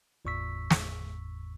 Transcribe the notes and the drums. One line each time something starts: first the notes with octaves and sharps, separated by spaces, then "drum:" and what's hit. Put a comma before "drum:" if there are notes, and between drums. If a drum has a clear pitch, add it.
G1 E2 A2 C#6 E6 B6
drum: snare